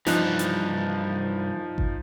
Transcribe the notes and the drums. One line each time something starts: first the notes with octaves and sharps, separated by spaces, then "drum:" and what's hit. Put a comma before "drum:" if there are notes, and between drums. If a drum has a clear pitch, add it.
G2 E3 F3 D#4 F#6, drum: snare
drum: hi-hat
drum: kick G1